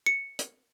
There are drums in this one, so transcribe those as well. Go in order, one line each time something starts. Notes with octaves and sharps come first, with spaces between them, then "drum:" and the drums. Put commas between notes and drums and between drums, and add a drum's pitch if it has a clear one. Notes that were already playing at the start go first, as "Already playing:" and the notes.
C#7
drum: hi-hat